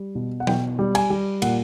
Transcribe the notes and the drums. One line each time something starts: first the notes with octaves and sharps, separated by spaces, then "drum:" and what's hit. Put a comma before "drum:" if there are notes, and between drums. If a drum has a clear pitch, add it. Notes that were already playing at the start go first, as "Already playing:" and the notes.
Already playing: G3
B2
F#5
B2 G5, drum: tom F#3
G3
G#5, drum: cymbal
G3
A#2 F#5, drum: cymbal